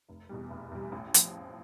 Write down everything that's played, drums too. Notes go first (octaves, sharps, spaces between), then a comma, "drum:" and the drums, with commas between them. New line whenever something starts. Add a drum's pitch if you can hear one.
F1
E2 B2 G3
F1
E2 B2 G3
A1
F3, drum: hi-hat